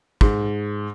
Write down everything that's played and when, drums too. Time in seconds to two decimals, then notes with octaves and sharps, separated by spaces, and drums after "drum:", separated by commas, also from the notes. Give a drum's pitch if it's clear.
0.21 G#2, drum: kick